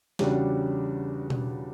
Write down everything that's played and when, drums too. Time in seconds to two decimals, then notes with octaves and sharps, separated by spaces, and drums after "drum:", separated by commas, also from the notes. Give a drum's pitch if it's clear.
0.19 E2 C#3 G3 D4 F#4, drum: snare
1.30 drum: tom B2